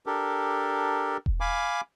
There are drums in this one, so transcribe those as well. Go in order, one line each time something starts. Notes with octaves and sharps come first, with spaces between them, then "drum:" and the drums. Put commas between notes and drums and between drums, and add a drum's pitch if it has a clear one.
D4 G4 A4 A#4
drum: kick E1
F5 G#5 B5 D6